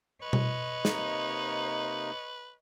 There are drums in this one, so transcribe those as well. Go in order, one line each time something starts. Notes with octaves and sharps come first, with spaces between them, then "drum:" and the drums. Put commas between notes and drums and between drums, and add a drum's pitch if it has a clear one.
B4 C#5 D#5
drum: tom B2
C3 A#3 D#4, drum: snare